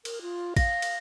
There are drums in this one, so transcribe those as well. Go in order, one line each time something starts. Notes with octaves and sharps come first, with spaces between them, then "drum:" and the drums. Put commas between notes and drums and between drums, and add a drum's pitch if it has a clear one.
A#4, drum: cymbal
F4
F5 A#6, drum: kick, cymbal
drum: cymbal